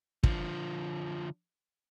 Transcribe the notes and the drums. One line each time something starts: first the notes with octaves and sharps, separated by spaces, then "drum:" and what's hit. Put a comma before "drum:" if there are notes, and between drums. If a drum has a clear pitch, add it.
D3 F3, drum: kick